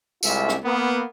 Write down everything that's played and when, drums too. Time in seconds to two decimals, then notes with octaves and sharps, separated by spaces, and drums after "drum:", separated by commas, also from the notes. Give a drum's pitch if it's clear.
0.23 C2 G#3 F4 E5, drum: tambourine
0.49 drum: rim click
0.63 A#3 B3